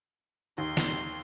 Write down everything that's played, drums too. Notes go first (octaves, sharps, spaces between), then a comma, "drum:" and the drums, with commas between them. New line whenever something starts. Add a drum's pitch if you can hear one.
D#2 D#4 C6
drum: snare